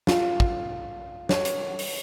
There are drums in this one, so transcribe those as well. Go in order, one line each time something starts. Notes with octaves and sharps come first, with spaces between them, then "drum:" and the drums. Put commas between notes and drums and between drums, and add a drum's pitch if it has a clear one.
F4, drum: snare
drum: kick
C#5, drum: snare
drum: hi-hat
drum: open hi-hat